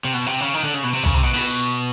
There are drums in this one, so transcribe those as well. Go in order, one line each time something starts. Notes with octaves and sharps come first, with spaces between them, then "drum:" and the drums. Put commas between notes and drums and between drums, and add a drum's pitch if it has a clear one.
C3
B2
C3
C#3
D#3
D3
C#3
B2
C3
C#3, drum: tom C2
C3
B2
B2, drum: open hi-hat